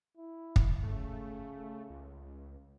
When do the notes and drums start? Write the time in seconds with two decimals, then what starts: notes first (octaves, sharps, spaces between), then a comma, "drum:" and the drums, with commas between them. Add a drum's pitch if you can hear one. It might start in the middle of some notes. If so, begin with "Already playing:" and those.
0.18 E4
0.56 drum: kick
0.83 C#3 A3
1.90 C#2